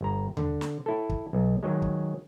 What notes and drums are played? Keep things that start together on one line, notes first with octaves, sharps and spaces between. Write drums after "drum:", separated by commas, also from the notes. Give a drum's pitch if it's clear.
G1 A#5
D3, drum: tom D#2
drum: snare
E4 A4
drum: kick
B1
D#3 F#3 G#3
drum: kick